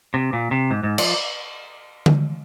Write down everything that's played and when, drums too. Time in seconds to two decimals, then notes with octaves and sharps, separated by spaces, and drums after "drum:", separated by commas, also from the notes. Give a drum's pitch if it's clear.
0.14 C3
0.33 A#2
0.51 C3
0.71 G#2
0.83 G#2
0.98 F3, drum: cymbal
2.06 drum: tom D3